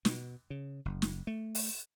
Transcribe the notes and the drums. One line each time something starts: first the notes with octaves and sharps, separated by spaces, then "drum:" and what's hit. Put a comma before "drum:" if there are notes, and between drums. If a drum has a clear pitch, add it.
B2, drum: snare
C#3
F#1
drum: snare
A3
drum: open hi-hat